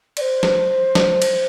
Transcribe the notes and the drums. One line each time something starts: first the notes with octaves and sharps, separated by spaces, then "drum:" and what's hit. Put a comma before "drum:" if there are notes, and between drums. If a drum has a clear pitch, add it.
D5, drum: cymbal
C5
drum: snare
drum: snare
drum: cymbal